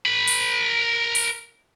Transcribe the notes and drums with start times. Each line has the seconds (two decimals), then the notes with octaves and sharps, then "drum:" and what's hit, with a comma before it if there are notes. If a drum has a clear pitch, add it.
0.06 A#4 B5
0.27 drum: open hi-hat
1.15 drum: open hi-hat